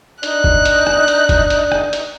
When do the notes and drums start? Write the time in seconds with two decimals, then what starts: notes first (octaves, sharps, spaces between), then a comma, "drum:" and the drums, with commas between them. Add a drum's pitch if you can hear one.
0.23 D4 D#4 F#6, drum: hi-hat
0.44 drum: kick F1
0.65 drum: hi-hat
0.87 drum: rim click
1.08 drum: hi-hat
1.29 drum: kick F1, hi-hat
1.50 drum: hi-hat
1.72 drum: rim click
1.93 drum: hi-hat